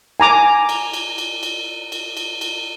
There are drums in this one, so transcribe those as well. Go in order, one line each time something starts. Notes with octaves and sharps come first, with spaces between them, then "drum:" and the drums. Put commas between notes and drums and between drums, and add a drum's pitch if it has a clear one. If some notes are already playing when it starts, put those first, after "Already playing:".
G#5 A#5 D6
drum: cymbal
drum: cymbal
drum: cymbal
drum: cymbal
drum: cymbal
drum: cymbal
drum: cymbal